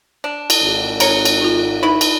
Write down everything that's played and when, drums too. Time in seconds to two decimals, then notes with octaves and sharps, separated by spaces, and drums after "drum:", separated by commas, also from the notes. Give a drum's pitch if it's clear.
0.24 D4
0.50 drum: cymbal
0.61 G#1
1.00 A#4 C#5, drum: cymbal
1.25 drum: cymbal
1.41 D#4 F4
1.83 B3 D#4 E4 B5
2.01 drum: cymbal